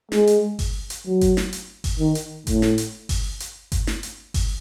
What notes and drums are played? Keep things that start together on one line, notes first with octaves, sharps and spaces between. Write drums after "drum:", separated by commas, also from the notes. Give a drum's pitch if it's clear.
G#3, drum: snare
drum: hi-hat
drum: kick G1, open hi-hat
drum: hi-hat
F#3
drum: kick G1, hi-hat
drum: snare
drum: hi-hat
drum: kick G1, open hi-hat
D#3
drum: hi-hat
A2, drum: kick G1, hi-hat
drum: snare
drum: hi-hat
drum: kick G1, open hi-hat
drum: hi-hat
drum: kick G1, hi-hat
drum: snare
drum: hi-hat
drum: kick G1, open hi-hat